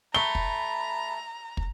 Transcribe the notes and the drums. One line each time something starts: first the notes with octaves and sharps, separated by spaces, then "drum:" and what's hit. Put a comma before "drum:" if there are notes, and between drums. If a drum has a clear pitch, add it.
A3 A#5 B5 G7
drum: kick
drum: kick